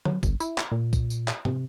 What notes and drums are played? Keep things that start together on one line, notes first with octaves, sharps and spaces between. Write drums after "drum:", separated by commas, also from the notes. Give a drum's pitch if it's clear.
F#3, drum: tom
G1, drum: kick B1, tambourine
E4, drum: tambourine
drum: clap
A#2
drum: kick B1, tambourine
drum: tambourine
drum: clap
C3, drum: tom G#2